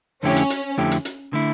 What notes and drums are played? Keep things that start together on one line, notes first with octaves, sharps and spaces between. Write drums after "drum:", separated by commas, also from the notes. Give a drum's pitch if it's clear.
F2 D3 A3 C#4 E4 G4
drum: hi-hat
drum: hi-hat
F2 D3 A3 E4 G4
drum: hi-hat
drum: hi-hat
D3 A3 E4